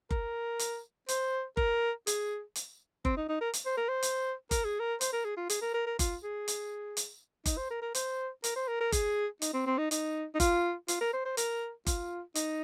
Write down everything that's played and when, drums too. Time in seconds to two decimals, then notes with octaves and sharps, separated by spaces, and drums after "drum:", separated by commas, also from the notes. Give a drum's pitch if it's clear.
0.11 A#4, drum: kick F#1
0.59 drum: hi-hat
1.08 C5, drum: hi-hat
1.57 A#4, drum: kick F#1
2.07 G#4, drum: hi-hat
2.55 drum: hi-hat
3.05 C4, drum: kick F#1
3.17 D#4
3.29 D#4
3.41 A#4
3.54 drum: hi-hat
3.66 C5
3.77 A#4
3.89 C5
4.03 drum: hi-hat
4.51 A#4, drum: kick F#1, hi-hat
4.65 G#4
4.80 A#4
5.01 C5, drum: hi-hat
5.13 A#4
5.25 G#4
5.37 F4
5.50 G#4, drum: hi-hat
5.62 A#4
5.74 A#4
5.87 A#4
5.99 F4, drum: kick F#1, hi-hat
6.23 G#4
6.48 drum: hi-hat
6.97 drum: hi-hat
7.46 D#4, drum: kick F#1, hi-hat
7.57 C5
7.71 A#4
7.82 A#4
7.95 C5, drum: hi-hat
8.44 A#4, drum: hi-hat
8.56 C5
8.68 A#4
8.80 A#4
8.92 G#4, drum: kick F#1, hi-hat
9.42 D#4, drum: hi-hat
9.54 C4
9.66 C4
9.78 D#4
9.91 D#4, drum: hi-hat
10.35 D#4
10.40 F4, drum: kick F#1, hi-hat
10.88 F4, drum: hi-hat
11.01 A#4
11.13 C5
11.25 C5
11.37 A#4, drum: hi-hat
11.87 F4, drum: kick F#1, hi-hat
12.35 D#4, drum: hi-hat